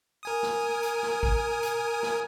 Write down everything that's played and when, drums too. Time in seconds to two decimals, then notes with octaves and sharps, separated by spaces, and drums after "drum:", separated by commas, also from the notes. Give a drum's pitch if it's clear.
0.23 A#4 G#5 D#6
0.43 drum: snare
0.83 drum: hi-hat
1.03 drum: snare
1.23 drum: kick
1.63 drum: hi-hat
2.03 drum: snare